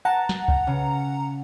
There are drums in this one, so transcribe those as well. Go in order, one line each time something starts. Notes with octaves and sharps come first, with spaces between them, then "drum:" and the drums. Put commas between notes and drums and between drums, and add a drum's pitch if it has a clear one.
F#5 A5 A#5
drum: snare
drum: kick C2
C#3